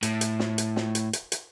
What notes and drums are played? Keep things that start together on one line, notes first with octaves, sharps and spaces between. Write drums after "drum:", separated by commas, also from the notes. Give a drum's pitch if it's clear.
A2, drum: hi-hat
drum: hi-hat
drum: snare
drum: hi-hat
drum: snare
drum: hi-hat
drum: hi-hat
drum: hi-hat